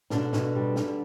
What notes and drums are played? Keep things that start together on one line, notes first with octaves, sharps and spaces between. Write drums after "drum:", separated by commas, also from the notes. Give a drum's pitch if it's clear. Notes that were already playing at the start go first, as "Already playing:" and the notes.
B2 D3 D4, drum: snare
B2, drum: snare
G3
G3, drum: snare